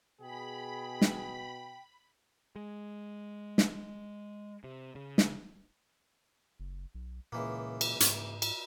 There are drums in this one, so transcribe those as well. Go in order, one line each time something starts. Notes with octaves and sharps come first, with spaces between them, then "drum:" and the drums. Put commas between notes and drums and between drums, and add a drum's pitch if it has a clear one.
B2 G#4 G5 B5
drum: snare
G#3
drum: snare
C3
C#3
drum: snare
F#1
B1
C#2 A#2 E3 A#3
drum: cymbal
G#2, drum: hi-hat
drum: cymbal